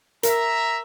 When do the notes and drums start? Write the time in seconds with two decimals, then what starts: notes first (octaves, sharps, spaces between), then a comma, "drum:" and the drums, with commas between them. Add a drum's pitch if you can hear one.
0.23 A#4 E5 A#5, drum: hi-hat